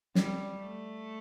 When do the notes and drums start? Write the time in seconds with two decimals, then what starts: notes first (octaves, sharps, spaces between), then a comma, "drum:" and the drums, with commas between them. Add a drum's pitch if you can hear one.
0.15 G3, drum: snare
0.58 A3